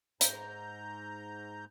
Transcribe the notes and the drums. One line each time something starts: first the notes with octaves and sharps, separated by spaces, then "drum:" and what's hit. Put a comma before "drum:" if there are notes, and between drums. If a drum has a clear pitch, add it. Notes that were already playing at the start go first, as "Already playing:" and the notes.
G#2 A#5 G6, drum: hi-hat